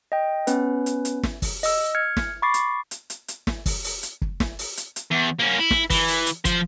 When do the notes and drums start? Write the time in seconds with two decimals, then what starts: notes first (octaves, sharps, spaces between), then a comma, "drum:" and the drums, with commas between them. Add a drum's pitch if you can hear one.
0.12 D#5 G5
0.47 B3 C#4 B4, drum: hi-hat
0.86 drum: hi-hat
1.05 drum: hi-hat
1.23 drum: snare
1.42 drum: kick, open hi-hat
1.63 D#5 E6, drum: open hi-hat
1.95 F6 G#6 C#7
2.17 drum: snare
2.42 B5 C#6 D6 A6 C7
2.54 drum: hi-hat
2.91 drum: hi-hat
3.10 drum: hi-hat
3.28 drum: hi-hat
3.47 drum: snare
3.66 drum: kick, open hi-hat
3.84 drum: open hi-hat
4.03 drum: hi-hat
4.22 drum: kick
4.40 drum: snare
4.59 drum: open hi-hat
4.77 drum: hi-hat
4.96 drum: hi-hat
5.11 E2
5.40 A#3 C#4
5.59 E4
5.71 drum: snare
5.90 E3, drum: kick, open hi-hat
6.08 drum: open hi-hat
6.26 drum: hi-hat
6.45 F3 C5, drum: kick, hi-hat